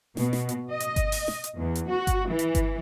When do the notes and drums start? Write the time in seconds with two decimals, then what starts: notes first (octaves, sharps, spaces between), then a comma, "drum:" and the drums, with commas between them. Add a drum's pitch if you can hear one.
0.17 B2, drum: snare
0.33 drum: snare
0.49 drum: hi-hat
0.71 D#5
0.80 drum: hi-hat
0.96 drum: kick G1, hi-hat
1.12 drum: open hi-hat
1.28 drum: snare
1.44 drum: hi-hat
1.56 E2
1.75 drum: hi-hat
1.87 F#4
2.07 drum: kick G1, hi-hat
2.29 E3
2.39 drum: hi-hat
2.55 drum: kick G1, hi-hat